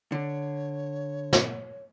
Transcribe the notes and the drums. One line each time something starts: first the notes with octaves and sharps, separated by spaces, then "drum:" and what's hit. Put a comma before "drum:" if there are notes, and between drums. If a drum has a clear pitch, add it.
D3 C#5
drum: snare